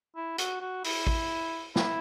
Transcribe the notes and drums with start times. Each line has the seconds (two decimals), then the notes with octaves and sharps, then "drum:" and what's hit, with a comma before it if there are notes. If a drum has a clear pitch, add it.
0.16 E4
0.38 F#4, drum: hi-hat
0.61 F#4
0.84 E4, drum: open hi-hat
1.07 drum: kick A1
1.76 E4, drum: snare